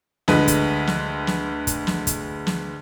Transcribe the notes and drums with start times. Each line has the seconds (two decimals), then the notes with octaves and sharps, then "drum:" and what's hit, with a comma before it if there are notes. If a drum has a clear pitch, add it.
0.28 D2 D3 G#3 B4 D#5, drum: snare
0.48 drum: kick, hi-hat
0.87 drum: snare
1.27 drum: snare
1.67 drum: kick, hi-hat
1.87 drum: snare
2.07 drum: kick, hi-hat
2.47 drum: snare